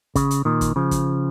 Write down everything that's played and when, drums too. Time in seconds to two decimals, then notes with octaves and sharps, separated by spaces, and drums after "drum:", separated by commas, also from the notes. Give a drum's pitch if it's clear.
0.16 C#3, drum: kick, hi-hat
0.31 drum: hi-hat
0.45 A#2 D#3
0.61 drum: kick, hi-hat
0.76 C#3 F3
0.91 drum: kick, hi-hat